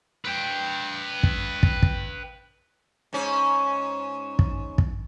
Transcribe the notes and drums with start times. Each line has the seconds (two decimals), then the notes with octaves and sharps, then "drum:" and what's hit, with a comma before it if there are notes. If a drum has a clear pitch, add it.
0.25 B4 G5
1.23 drum: kick
1.63 drum: kick
1.82 drum: kick
3.13 G#2 C#4
4.39 drum: kick
4.78 drum: kick